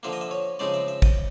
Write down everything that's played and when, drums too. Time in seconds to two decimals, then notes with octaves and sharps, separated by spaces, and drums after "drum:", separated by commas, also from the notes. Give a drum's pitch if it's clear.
0.03 D3 F3 A#3 E5
0.13 D#5
0.21 E5
0.31 C#5
0.59 C#3 F3 G#3 C4 D#4 D5
0.74 E5
0.88 E5
1.02 D#5, drum: kick